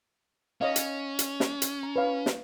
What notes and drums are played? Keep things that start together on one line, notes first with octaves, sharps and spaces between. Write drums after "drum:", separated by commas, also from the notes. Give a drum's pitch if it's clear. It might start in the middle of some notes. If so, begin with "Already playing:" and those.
C#4 C#5 D#5 F5
drum: hi-hat
drum: hi-hat
drum: snare
drum: hi-hat
A#5
B4 C#5 F5
drum: snare